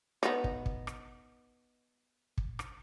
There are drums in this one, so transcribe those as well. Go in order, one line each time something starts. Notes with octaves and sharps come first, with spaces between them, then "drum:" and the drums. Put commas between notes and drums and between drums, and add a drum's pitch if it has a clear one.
B3 D#4, drum: rim click
drum: kick
drum: kick
drum: rim click
drum: kick
drum: rim click